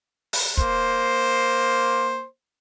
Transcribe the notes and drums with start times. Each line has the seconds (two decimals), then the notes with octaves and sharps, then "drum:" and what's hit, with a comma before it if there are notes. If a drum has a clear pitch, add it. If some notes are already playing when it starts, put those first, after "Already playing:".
0.33 drum: open hi-hat
0.57 A#3 C5, drum: kick